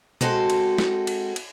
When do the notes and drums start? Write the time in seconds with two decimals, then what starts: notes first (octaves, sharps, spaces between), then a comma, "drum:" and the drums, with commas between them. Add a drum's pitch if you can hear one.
0.21 G#3 C4 F#4 A4, drum: tom B2
0.50 drum: cymbal
0.78 drum: snare
1.07 drum: cymbal
1.36 drum: cymbal